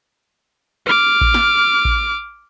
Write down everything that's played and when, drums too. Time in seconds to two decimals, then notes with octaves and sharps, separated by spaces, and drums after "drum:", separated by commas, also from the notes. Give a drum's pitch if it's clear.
0.87 D6 F6, drum: rim click
1.21 drum: kick A1
1.34 drum: snare
1.85 drum: kick A1